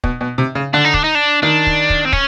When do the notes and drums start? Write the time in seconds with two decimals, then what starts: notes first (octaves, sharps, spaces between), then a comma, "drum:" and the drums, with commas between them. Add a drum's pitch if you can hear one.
0.04 B2, drum: kick
0.21 B2
0.38 C3
0.55 C#3
0.73 D3 D4
0.84 D#4
0.94 D4, drum: kick
1.04 D#4
1.15 D4
1.43 D#3 D4
1.67 drum: kick
1.90 drum: kick
2.05 C4
2.13 C#4, drum: kick